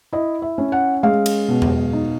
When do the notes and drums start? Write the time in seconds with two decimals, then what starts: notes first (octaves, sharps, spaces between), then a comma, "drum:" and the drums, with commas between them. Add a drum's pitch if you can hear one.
0.13 E4 D#5
0.42 E5
0.58 C#4
0.72 F#5
1.03 G#3 F5
1.26 drum: cymbal
1.48 B2
1.62 drum: tom E2
1.93 D#4